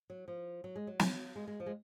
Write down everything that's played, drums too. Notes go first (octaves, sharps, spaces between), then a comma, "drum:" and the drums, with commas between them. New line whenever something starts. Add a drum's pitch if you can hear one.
F#3
F3
F#3
G#3
F#3
drum: snare
G#3
G#3
F3
G#3